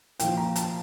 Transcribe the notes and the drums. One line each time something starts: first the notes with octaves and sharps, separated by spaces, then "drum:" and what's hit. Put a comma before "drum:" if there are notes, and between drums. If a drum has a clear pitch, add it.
A#2 F3 G5, drum: hi-hat
A#5
A5, drum: hi-hat